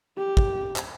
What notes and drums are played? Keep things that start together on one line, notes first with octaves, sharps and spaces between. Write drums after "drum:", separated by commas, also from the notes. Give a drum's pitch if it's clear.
G4
drum: kick
drum: clap